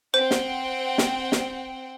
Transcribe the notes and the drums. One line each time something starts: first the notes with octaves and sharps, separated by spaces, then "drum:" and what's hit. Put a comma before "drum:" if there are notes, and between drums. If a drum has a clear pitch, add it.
C4 C5 F#5 G5
drum: snare
drum: snare
drum: snare